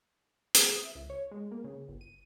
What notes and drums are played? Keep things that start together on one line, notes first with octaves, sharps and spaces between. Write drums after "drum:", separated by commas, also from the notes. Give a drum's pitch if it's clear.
G#4, drum: hi-hat
D#6
E5
C#2
C#5
G#3
A#3
C#3
G1
D#7